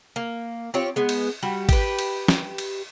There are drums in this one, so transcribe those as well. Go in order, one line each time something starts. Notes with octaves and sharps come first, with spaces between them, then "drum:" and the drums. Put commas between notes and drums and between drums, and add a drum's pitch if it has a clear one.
A#3
C4 F4 G4 C#5
G#3 B3
drum: cymbal
G3 F#4
G4 B4, drum: kick G#1, cymbal
drum: cymbal
drum: snare
drum: cymbal